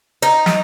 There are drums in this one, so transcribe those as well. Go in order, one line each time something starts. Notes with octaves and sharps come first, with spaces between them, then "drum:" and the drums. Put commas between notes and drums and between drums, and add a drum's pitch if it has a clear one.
D#4
drum: snare